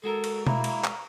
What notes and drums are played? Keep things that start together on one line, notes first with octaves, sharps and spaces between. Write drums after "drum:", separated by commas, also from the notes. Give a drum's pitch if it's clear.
G#3 F#4 A4 A#4
drum: cymbal
A#3 E4 A#5, drum: tom B2
drum: cymbal
drum: clap